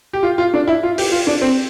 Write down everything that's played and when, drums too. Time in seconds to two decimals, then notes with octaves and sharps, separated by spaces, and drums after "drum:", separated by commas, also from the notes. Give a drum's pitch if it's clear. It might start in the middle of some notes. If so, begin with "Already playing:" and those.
0.13 G4
0.23 F4
0.38 F4
0.54 D4
0.68 E4
0.83 F4
0.98 G4, drum: open hi-hat
1.12 F4
1.27 D4
1.41 C4